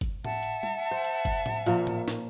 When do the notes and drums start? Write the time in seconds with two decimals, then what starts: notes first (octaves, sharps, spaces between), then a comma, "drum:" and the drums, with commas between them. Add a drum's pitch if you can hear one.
0.01 drum: kick G1, hi-hat
0.25 E5 F#5 A5, drum: tom A2
0.43 drum: hi-hat
0.63 drum: tom G3
0.91 C5
1.04 drum: hi-hat
1.25 drum: kick G1, hi-hat
1.46 drum: tom A2
1.66 A#2 F3 A#3, drum: hi-hat
1.87 drum: tom A2
2.08 drum: snare